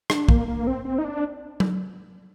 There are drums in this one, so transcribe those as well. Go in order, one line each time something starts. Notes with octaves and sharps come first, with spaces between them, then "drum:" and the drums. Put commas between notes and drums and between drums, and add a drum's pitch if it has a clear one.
D4, drum: rim click
A#3, drum: kick
A#3
C4
C4
D#4
D4
drum: tom F#3